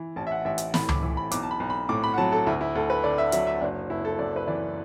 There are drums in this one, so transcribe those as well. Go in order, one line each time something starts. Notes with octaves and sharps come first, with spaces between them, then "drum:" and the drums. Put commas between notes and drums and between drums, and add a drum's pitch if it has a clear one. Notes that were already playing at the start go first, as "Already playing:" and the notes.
Already playing: E3
A1 A5
E5
F#5
A1 E5
drum: hi-hat
A2 B5, drum: snare
D6, drum: tom C#2
E3
B5
B1 D6, drum: hi-hat
A5
B5
B1
B5
A2 D6
B5
F#5
F#3 A5
A4
D2 E4
E4
D2 A4
B4
D3 D5
E5
F#3 E5, drum: hi-hat
E5
F#1 D4
F#1 E4
A4
F#2 D5
B4
E3 D5